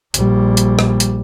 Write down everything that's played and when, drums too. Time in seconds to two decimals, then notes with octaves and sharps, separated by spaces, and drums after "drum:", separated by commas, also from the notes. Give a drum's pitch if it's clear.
0.14 A#1 G3, drum: hi-hat
0.57 drum: hi-hat
0.79 drum: rim click
1.00 drum: hi-hat